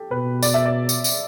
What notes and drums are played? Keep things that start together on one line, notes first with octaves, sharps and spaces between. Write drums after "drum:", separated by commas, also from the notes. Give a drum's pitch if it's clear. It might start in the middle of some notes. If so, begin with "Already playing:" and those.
Already playing: G4 A4
B2 B4
D5, drum: tambourine
E5
D5
drum: tambourine
drum: tambourine